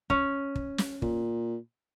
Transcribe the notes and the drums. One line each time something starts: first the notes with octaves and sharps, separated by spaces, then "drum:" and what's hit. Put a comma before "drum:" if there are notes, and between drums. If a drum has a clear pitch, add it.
C#4, drum: kick
drum: kick
drum: snare
A#2, drum: kick